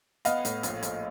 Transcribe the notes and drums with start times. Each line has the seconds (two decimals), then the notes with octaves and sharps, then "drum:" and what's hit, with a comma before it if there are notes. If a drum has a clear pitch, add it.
0.25 B3 D#5 F5, drum: hi-hat
0.45 A2, drum: hi-hat
0.63 A#1, drum: hi-hat
0.83 A#1, drum: hi-hat